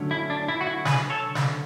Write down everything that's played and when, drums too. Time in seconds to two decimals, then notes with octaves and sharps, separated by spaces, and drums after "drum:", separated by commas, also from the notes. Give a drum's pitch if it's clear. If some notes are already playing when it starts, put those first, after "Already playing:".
Already playing: D3 F#3 A3 C#4
0.11 E4
0.30 D4
0.48 E4
0.61 F#4
0.67 E4
0.85 G#4 B4, drum: snare
1.10 A4 C#5
1.35 drum: snare